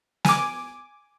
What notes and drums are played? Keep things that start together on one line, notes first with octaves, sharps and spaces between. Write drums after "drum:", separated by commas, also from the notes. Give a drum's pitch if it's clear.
G#5 D6, drum: snare